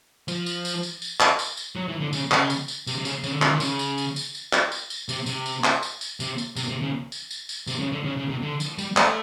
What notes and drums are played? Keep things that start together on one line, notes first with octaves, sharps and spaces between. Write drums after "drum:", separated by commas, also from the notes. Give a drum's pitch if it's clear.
F3, drum: tambourine
drum: tambourine
drum: tambourine
drum: tambourine
drum: tambourine
drum: clap
drum: tambourine
drum: tambourine
F#3
E3
D3
C#3, drum: tambourine
C#3, drum: clap
drum: tambourine
drum: tambourine
C3, drum: tambourine
C3
C#3, drum: tambourine
C#3, drum: tambourine
D3
C#3, drum: clap
D#3
C#3, drum: tambourine
drum: tambourine
drum: tambourine
drum: tambourine
drum: tambourine
drum: clap
drum: tambourine
drum: tambourine
C3, drum: tambourine
C3, drum: tambourine
drum: tambourine
drum: clap
drum: tambourine
drum: tambourine
C3, drum: tambourine
drum: tambourine
C3, drum: tambourine
C3
C#3
drum: tambourine
drum: tambourine
drum: tambourine
C3, drum: tambourine
C#3
D3
C#3
C#3
C3
D3
drum: tambourine
G3, drum: tambourine
A3, drum: clap